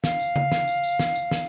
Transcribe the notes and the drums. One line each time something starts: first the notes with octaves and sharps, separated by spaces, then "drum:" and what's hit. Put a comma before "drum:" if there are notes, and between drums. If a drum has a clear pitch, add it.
F5, drum: snare
drum: tambourine
drum: tom C#3
drum: snare
drum: tambourine
drum: tambourine
drum: snare
drum: tambourine
drum: snare